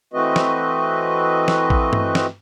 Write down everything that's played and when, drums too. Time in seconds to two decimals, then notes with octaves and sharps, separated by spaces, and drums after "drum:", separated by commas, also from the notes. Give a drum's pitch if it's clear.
0.13 E3 A3 C4 F#4 B4 D#5
0.36 drum: snare
1.48 drum: snare
1.70 drum: kick A#1
1.93 drum: tom G2
2.15 drum: snare